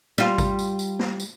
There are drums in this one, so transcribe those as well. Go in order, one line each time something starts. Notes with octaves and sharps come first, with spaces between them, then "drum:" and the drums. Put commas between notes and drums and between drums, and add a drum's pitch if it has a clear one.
G3 F4, drum: snare
drum: kick G#1, tambourine
drum: tambourine
drum: tambourine
drum: snare
drum: tambourine